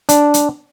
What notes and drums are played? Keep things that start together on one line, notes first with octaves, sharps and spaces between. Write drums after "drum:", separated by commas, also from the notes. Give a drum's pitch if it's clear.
D4, drum: hi-hat
drum: hi-hat